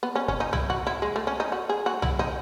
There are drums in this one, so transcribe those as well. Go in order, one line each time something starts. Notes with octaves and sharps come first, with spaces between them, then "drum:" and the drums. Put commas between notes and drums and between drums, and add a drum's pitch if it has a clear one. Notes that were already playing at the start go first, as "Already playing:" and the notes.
B3
C#4
C#4, drum: kick
D#4
E4, drum: tom C2
F#4
E4
G#3
A3
C#4
D#4
F#4
G#4
F#4
E4, drum: tom C2
D#4